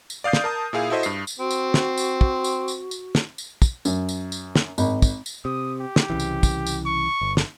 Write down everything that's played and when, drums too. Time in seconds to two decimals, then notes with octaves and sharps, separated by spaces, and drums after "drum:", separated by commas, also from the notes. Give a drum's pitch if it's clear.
0.10 drum: tambourine
0.24 D5 F5 D#6 G6 C7
0.33 drum: snare
0.44 A#4 A5 D#6
0.73 A#2 E4 G#4 F5
0.90 E4 F#4 A4 C5 D#5 E5
1.03 G2 C7, drum: tambourine
1.27 drum: tambourine
1.39 C4 F#4
1.51 drum: tambourine
1.74 drum: snare
1.98 drum: tambourine
2.21 drum: kick
2.44 drum: tambourine
2.68 drum: tambourine
2.91 drum: tambourine
3.15 drum: snare
3.38 drum: tambourine
3.62 drum: kick, tambourine
3.85 F#2, drum: tambourine
4.09 drum: tambourine
4.32 drum: tambourine
4.55 drum: snare
4.78 G#1, drum: tambourine
5.02 drum: kick, tambourine
5.26 drum: tambourine
5.45 C3 D#6
5.81 G4
5.96 drum: snare
6.10 C2 C#3 E3
6.20 drum: tambourine
6.43 drum: kick, tambourine
6.67 drum: tambourine
6.86 C#6
7.21 G1
7.37 drum: snare